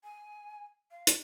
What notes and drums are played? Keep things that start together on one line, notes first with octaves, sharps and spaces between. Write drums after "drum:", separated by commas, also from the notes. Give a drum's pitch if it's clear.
G#5
F5
D#5, drum: hi-hat